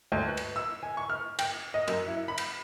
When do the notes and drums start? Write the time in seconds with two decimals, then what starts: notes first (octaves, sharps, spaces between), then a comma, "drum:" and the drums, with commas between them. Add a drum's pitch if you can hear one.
0.12 D2
0.28 B4
0.37 drum: cymbal
0.56 E6
0.83 G#5
0.97 C#6
1.10 F6
1.39 G5, drum: cymbal
1.74 D#5
1.88 F#2, drum: cymbal
2.08 E4
2.28 B5
2.38 drum: cymbal